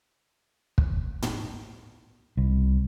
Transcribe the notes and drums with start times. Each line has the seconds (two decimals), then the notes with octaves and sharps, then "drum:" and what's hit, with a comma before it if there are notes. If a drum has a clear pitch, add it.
0.78 drum: kick
1.22 drum: tom
2.37 C2